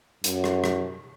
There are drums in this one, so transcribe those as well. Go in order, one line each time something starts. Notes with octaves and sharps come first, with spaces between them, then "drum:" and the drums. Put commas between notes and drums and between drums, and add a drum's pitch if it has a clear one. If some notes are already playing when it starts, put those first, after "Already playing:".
F#2, drum: hi-hat
drum: rim click
drum: rim click